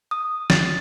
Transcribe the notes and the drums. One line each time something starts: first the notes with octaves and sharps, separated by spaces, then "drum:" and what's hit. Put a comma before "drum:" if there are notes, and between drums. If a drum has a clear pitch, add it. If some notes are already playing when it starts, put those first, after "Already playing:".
D#6
A6, drum: snare